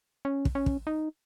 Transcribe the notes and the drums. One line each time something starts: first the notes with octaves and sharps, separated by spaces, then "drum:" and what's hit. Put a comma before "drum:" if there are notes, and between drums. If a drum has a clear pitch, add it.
C#4
drum: kick
C#4
drum: kick
D#4